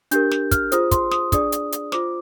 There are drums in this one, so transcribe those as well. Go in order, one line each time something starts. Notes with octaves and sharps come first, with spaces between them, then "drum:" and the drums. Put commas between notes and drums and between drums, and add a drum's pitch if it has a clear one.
D4 G4 A#4 G6, drum: hi-hat
drum: snare
F6, drum: kick, hi-hat
F4 G#4 C5 D#6, drum: hi-hat
C6, drum: kick, hi-hat
D#6, drum: snare
D4 G#4 D5 D#6, drum: kick, hi-hat
drum: hi-hat
drum: hi-hat
F4 C5 D6, drum: snare